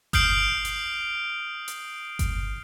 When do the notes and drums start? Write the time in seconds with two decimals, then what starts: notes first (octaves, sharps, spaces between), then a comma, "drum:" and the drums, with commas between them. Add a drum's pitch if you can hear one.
0.13 D#6 F6 G6 C7 D7 F#7, drum: kick G1, hi-hat
0.65 drum: hi-hat
1.68 drum: hi-hat
2.19 drum: kick G1, hi-hat